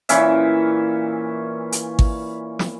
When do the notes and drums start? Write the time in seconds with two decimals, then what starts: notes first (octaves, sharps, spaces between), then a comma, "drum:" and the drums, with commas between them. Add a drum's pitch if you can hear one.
0.09 A#2 E3 C#4 E5, drum: hi-hat
1.72 drum: hi-hat
1.99 drum: kick G#1
2.59 drum: snare